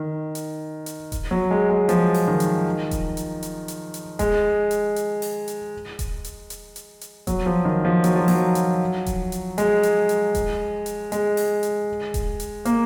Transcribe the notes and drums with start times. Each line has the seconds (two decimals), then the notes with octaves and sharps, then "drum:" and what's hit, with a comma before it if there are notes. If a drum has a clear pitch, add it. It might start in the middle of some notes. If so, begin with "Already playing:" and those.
Already playing: D#3
0.35 drum: hi-hat
0.86 drum: hi-hat
1.12 drum: kick D#1, hi-hat
1.31 F#3
1.51 G#3
1.70 G#3
1.89 F3, drum: hi-hat
2.14 drum: open hi-hat
2.28 D#3
2.40 drum: hi-hat
2.91 drum: kick D#1, hi-hat
3.17 drum: hi-hat
3.43 drum: hi-hat
3.68 drum: hi-hat
3.94 drum: hi-hat
4.19 G#3, drum: kick D#1, hi-hat
4.71 drum: hi-hat
4.96 drum: hi-hat
5.22 drum: open hi-hat
5.48 drum: hi-hat
5.99 drum: kick D#1, hi-hat
6.24 drum: hi-hat
6.50 drum: hi-hat
6.76 drum: hi-hat
7.01 drum: hi-hat
7.27 F#3, drum: kick D#1, hi-hat
7.46 F3
7.65 D#3
7.85 F3
8.04 F#3, drum: hi-hat
8.16 F3
8.28 F#3, drum: open hi-hat
8.55 drum: hi-hat
9.06 drum: kick D#1, hi-hat
9.32 drum: hi-hat
9.58 G#3, drum: hi-hat
9.83 drum: hi-hat
10.09 drum: hi-hat
10.35 drum: kick D#1, hi-hat
10.86 drum: hi-hat
11.12 G#3, drum: hi-hat
11.37 drum: open hi-hat
11.63 drum: hi-hat
12.14 drum: kick D#1, hi-hat
12.40 drum: hi-hat
12.65 A#3, drum: hi-hat